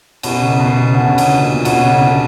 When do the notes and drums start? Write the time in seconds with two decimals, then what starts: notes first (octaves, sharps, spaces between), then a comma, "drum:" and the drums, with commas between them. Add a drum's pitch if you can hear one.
0.23 B2 C#4 E4 G4 C#5 F#5, drum: cymbal
0.42 C#3
0.60 B2
0.76 C#3
0.94 D3 C#4 E4 G4 C#5 F#5
1.07 B2
1.18 C#3, drum: cymbal
1.42 A#2
1.65 B2 C#4 E4 G4 C#5 F#5, drum: cymbal
1.84 C#3
2.01 D3